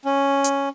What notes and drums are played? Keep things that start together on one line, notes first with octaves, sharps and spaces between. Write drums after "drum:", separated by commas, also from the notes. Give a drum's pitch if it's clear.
C#4
drum: hi-hat